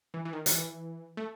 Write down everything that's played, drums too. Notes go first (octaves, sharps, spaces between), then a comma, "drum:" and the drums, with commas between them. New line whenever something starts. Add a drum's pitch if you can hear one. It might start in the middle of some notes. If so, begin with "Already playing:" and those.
E3
E3
D#3
D#3, drum: hi-hat
E3
A3